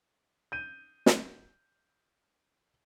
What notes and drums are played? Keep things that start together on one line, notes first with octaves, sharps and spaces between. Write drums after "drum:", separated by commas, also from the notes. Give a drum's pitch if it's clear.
G6 D#7
drum: snare